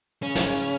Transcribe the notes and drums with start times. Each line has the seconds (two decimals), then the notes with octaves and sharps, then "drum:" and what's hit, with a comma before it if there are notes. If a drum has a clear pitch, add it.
0.23 C#3 C#4
0.35 drum: snare